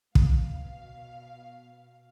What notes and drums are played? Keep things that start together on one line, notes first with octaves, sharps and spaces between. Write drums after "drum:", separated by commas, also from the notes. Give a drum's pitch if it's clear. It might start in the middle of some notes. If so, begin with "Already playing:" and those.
B2 F5, drum: kick